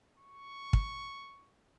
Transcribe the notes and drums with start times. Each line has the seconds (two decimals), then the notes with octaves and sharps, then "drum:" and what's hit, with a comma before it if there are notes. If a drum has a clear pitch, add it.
0.19 C#6
0.73 drum: kick